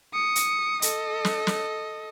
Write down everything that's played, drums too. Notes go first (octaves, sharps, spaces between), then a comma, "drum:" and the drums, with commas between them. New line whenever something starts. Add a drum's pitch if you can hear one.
D#6 C#7
drum: hi-hat
A4 D#5, drum: hi-hat
drum: snare
drum: snare